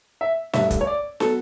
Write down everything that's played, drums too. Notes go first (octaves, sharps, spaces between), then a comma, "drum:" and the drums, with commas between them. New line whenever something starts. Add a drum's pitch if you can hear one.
E5
A1 G2 D3 A3 E5, drum: snare
drum: kick, hi-hat
C#5
D5
F#3 B3 A4, drum: snare